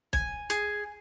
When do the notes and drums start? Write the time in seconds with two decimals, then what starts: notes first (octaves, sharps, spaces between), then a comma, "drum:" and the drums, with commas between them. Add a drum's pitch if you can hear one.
0.13 G#5, drum: kick
0.50 G#4, drum: hi-hat